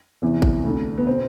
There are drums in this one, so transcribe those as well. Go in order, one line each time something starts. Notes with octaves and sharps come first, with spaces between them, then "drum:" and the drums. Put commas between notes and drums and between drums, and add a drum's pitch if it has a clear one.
E2 C3 E3
drum: kick A1
D2 D3
B3
B2 C4